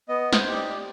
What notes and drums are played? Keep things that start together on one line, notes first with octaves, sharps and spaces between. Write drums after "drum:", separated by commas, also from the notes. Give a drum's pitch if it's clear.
B3 D#5
C5, drum: snare
D#4 G4
D5